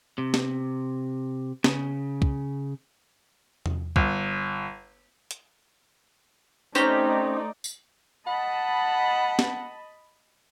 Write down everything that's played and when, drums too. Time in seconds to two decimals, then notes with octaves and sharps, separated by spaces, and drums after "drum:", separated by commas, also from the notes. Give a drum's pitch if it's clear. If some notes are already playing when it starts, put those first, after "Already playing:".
0.18 C3
0.34 drum: snare
1.64 C#3, drum: snare
2.22 drum: kick
3.66 drum: tom E2
3.96 G1, drum: kick
5.31 drum: hi-hat
6.75 A3 C4 C#4 D#4 G4 D5, drum: tambourine
7.64 drum: tambourine
8.27 D#5 F#5 A5 B5
9.39 drum: snare